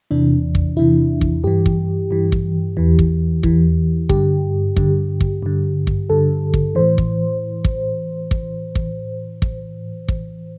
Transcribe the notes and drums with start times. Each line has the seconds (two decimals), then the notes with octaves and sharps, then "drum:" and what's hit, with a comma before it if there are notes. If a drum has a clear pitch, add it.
0.11 E2 C3 E3 D4
0.55 drum: kick
0.76 E2 C3 E3 E4
1.21 drum: kick
1.43 G2 E3 G4
1.66 drum: kick
2.11 G2 E3
2.32 drum: kick
2.77 E2 E3
2.99 drum: kick
3.43 E2 E3, drum: kick
4.09 G2 D3 G4, drum: kick
4.77 G2 D3, drum: kick
5.21 drum: kick
5.43 G2 D3
5.87 drum: kick
6.10 G2 D3 A4
6.54 drum: kick
6.75 A2 E3 C5
6.98 drum: kick
7.65 drum: kick
8.31 drum: kick
8.75 drum: kick
9.42 drum: kick
10.08 drum: kick